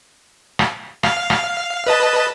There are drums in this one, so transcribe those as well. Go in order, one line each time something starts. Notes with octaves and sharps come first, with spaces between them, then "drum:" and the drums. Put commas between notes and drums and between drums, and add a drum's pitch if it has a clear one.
drum: rim click
F5, drum: rim click
drum: rim click
B4 D#5 A5